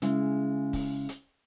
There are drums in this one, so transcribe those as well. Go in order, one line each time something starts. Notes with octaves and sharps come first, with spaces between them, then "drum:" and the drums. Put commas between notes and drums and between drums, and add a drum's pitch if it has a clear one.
C#3 G#3 E4, drum: hi-hat
drum: kick, open hi-hat
drum: hi-hat